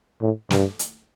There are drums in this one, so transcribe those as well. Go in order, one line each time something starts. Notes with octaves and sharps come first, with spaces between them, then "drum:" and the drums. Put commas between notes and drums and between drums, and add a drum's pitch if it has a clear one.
A2
G2, drum: snare
drum: hi-hat